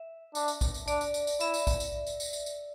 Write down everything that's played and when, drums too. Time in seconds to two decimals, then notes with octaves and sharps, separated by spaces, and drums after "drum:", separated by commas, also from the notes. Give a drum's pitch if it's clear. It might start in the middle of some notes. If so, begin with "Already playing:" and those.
Already playing: E5
0.35 D4, drum: tambourine
0.48 drum: tambourine
0.61 drum: kick A#1, tambourine
0.74 drum: tambourine
0.88 D4 D5, drum: tambourine
1.01 drum: tambourine
1.14 drum: tambourine
1.27 drum: tambourine
1.40 E4 E5, drum: tambourine
1.54 drum: tambourine
1.67 drum: kick A#1, tambourine
1.80 drum: tambourine
2.07 drum: tambourine
2.20 drum: tambourine
2.33 drum: tambourine
2.46 drum: tambourine